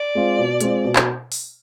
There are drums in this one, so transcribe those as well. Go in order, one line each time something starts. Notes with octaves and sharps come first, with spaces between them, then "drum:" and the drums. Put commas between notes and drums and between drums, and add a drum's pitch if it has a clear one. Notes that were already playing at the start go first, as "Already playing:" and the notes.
Already playing: D5
G#3 C4 F4
B2
G#3 C4 F4, drum: hi-hat
B2
drum: clap
drum: open hi-hat